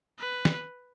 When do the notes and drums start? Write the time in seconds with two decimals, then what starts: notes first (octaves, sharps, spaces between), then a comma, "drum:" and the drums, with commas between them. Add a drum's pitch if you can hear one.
0.19 B4
0.45 drum: snare